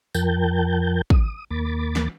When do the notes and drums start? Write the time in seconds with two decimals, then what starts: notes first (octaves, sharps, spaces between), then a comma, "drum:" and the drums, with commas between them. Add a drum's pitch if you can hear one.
0.14 F2 F3 A#4 G5 A5 G6, drum: tambourine
1.10 D#6, drum: kick
1.50 D#2 A#3 B5 D6 A6
1.96 drum: snare